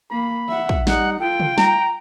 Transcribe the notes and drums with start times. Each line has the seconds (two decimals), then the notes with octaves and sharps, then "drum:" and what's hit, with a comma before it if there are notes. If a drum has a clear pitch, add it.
0.11 A#3 B5
0.48 E5 F#5
0.69 drum: kick
0.87 G3 D#4 F#5, drum: snare
1.20 F4 A4 G5
1.40 drum: tom
1.58 A#5, drum: snare